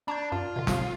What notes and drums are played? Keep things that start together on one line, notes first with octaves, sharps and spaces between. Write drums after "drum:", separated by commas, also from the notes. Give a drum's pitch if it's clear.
D4 A#5 C#6 G6
F#2 F4
B2 D3
drum: snare